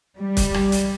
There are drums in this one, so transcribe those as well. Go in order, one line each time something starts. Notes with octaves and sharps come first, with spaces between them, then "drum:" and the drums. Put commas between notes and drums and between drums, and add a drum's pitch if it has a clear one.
G3
drum: kick, hi-hat
drum: rim click
drum: hi-hat